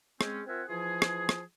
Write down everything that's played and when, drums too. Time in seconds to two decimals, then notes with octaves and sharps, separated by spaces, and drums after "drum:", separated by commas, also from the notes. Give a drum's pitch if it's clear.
0.21 G#3 C4 C#4, drum: rim click
0.46 C4 F4 A#4 E5 F#5 G#5
0.68 E3 F3 F4 G#4
1.02 drum: rim click
1.29 drum: rim click